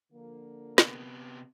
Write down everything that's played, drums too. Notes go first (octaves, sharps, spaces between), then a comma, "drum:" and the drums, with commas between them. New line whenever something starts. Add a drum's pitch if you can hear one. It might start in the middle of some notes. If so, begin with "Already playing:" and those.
D3 F3 A#3
C3 B3, drum: snare